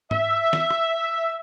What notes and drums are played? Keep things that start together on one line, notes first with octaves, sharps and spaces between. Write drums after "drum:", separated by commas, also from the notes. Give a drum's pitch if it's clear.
E5, drum: tom G#2
drum: snare
drum: rim click